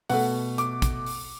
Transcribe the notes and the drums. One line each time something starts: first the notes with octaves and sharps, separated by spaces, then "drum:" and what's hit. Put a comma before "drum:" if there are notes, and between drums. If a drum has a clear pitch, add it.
B2 A3 F#5, drum: open hi-hat
D6, drum: hi-hat
drum: kick, hi-hat
drum: open hi-hat